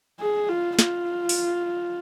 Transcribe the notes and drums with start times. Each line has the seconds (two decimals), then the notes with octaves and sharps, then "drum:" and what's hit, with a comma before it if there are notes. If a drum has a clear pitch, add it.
0.21 G#4
0.49 F4
0.79 F4, drum: snare
1.29 drum: open hi-hat